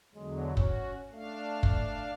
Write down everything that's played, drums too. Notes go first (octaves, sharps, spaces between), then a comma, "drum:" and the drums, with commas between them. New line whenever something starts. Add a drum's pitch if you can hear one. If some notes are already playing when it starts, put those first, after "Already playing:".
E2 D3 F#3 G#3
C#4 F#4, drum: kick
A3 D4 F5
drum: kick